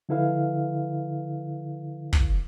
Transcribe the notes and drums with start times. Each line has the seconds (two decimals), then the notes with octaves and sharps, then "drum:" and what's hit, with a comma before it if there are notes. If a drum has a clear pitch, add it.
0.09 D3 F3 E4 A4 B4 F5
2.13 drum: kick